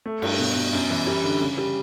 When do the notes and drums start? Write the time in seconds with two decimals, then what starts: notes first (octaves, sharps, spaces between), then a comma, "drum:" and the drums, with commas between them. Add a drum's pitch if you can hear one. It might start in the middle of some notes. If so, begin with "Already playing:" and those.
0.06 A3
0.22 G2, drum: cymbal
0.39 B2
0.56 B2
0.73 F#2
0.90 E3
1.07 G3
1.23 D3
1.41 C#3
1.58 G3